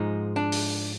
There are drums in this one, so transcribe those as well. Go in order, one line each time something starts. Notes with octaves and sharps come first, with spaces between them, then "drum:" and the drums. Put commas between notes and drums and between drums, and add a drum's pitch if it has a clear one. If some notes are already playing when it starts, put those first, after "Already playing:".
Already playing: G#2 F3 G#3 D#4
D4
drum: open hi-hat